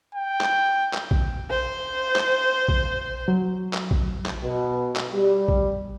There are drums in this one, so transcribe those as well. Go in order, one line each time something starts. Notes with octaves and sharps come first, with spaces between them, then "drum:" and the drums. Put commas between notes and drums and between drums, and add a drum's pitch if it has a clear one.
G5
drum: clap
drum: clap
drum: kick
C5
drum: clap
drum: kick
F#3
drum: clap
drum: kick
drum: clap
B2
drum: clap
G3
drum: kick